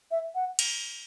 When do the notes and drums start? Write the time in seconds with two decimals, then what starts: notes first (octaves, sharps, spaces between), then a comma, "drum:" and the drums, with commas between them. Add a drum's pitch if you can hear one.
0.11 E5
0.35 F#5
0.59 drum: cymbal